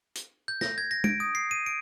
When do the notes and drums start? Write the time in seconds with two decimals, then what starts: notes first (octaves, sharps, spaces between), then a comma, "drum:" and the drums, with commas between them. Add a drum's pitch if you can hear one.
0.15 drum: hi-hat
0.48 G6
0.61 A#6, drum: snare
0.78 G#6
0.91 A#6
1.04 D7, drum: tom
1.20 D#6
1.35 C7
1.51 D#7
1.66 D7